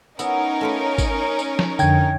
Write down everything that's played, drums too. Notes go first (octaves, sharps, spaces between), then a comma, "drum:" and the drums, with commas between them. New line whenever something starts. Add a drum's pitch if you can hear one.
B3 C#4 D#4 E4 A#4, drum: tambourine
A3 F4 B4
drum: kick G#1, tambourine
drum: tambourine
drum: snare F3
F2 D3 G5 G#6, drum: tambourine